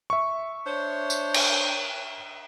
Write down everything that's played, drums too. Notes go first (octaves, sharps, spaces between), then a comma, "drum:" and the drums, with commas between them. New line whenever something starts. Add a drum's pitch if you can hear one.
E5 C#6
D4 C5 C#5
drum: tambourine
drum: cymbal